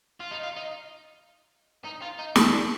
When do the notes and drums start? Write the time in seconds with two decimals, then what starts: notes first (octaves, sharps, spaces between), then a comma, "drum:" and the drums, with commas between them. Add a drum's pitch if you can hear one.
0.20 F4
0.31 D#4
0.43 F4
0.57 D#4
1.84 D#4
2.02 F4
2.18 D#4
2.36 D4, drum: snare